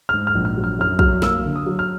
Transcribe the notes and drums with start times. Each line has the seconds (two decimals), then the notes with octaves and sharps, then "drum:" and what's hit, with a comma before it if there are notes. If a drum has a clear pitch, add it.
0.09 F6
0.14 G#2
0.27 F6
0.35 A#1
0.45 F6
0.57 F#3
0.64 F6
0.79 F#2 F6
0.99 F#3 F6, drum: kick
1.22 A#3 E6, drum: snare
1.45 D3
1.56 D#6
1.66 F#3
1.79 F6